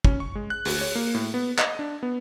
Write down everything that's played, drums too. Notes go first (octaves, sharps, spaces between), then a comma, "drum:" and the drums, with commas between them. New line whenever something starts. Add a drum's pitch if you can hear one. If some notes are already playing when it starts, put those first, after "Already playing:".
C#4, drum: kick
C#6
G#3
F#6
D2, drum: open hi-hat
C#5
A#3
A2
B3
D#5, drum: clap
D4
B3